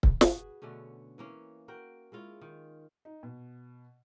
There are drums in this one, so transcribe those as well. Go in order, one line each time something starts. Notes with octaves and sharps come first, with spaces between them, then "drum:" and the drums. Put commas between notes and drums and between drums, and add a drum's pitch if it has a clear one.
drum: kick C#1
F#4 G#4 B4, drum: snare
B2 D3 A3 C#4
E3 A#3 C#4
F#4 A#4 G5
G#3 E4 F4 C#5
D#3
D#4
B2